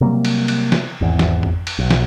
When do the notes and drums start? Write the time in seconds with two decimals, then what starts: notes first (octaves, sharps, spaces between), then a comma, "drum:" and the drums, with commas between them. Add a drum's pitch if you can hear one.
0.01 C3 F#3 G3 A#3
0.25 drum: cymbal
0.48 drum: cymbal
0.72 drum: snare
1.01 G#1 E2
1.19 drum: snare
1.43 drum: tom F2
1.67 drum: cymbal
1.79 B1
1.90 drum: snare